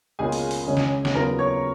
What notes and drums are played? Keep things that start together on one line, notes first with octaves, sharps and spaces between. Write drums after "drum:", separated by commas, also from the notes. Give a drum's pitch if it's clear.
C#2 B2 A#3 C#4 F4 G#4 G#5
drum: open hi-hat
drum: open hi-hat
C#2 C#3 G#3 C#4
drum: snare
drum: snare
D#2 C#3 F#3 B3 F4 A#4 A#5
C#5 C#6